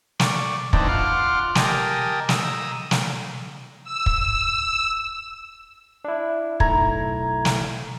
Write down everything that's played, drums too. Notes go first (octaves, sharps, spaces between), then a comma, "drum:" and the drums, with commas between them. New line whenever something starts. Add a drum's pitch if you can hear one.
D5 C#6, drum: snare
D3 E3 A3 C4 D4 D#4, drum: kick
F4 F#5 C6 D6 F6
G4 A#4 D#5 G#5 A5, drum: snare
A#5 D#6 E6, drum: snare
drum: snare
E6
drum: kick
D4 E4
B1 A3 E4 A#5 G#6, drum: kick
drum: snare